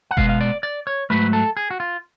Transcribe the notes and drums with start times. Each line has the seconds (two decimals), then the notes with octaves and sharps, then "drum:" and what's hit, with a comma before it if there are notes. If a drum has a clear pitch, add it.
0.11 F#5
0.17 B2 G#3 B3 F5, drum: kick F#1
0.29 F5
0.41 D5
0.63 D5
0.87 C#5
1.10 G#2 F#3 A3 B4
1.33 A4
1.57 G#4
1.71 F#4
1.80 F4